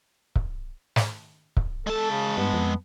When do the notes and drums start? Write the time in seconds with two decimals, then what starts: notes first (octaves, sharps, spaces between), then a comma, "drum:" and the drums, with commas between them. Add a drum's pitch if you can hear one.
0.36 drum: kick C#1
0.96 drum: snare
1.57 drum: kick C#1
1.87 G#3 A4 A5
2.11 C#3
2.38 G2 B3
2.53 F2